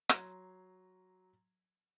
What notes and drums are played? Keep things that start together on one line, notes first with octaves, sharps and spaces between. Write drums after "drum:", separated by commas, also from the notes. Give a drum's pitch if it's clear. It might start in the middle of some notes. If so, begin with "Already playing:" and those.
F#3 A#5 C6 G#6, drum: rim click